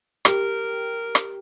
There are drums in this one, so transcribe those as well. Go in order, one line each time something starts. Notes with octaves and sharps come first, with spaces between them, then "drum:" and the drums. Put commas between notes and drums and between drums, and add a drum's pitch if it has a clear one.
G4 A#4, drum: rim click
drum: rim click